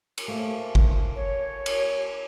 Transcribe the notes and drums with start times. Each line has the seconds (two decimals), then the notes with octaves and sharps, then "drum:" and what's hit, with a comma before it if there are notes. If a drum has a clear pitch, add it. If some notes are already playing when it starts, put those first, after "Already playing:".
0.18 drum: cymbal
0.28 A3 A#3 C5
0.75 drum: kick
1.16 C#5
1.66 drum: cymbal